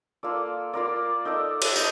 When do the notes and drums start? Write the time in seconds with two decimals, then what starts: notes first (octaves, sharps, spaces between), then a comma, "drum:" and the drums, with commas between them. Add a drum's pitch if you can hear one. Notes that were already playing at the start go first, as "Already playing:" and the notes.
0.23 A#3 F4 A4 D5
0.73 A#3 F4 A#4 D5
1.25 D#4 A4 D5
1.62 drum: cymbal
1.76 D#4, drum: tambourine